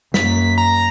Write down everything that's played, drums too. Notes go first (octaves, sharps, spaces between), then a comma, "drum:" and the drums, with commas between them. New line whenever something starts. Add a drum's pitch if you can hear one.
F#2 A#3 B6, drum: snare
A#5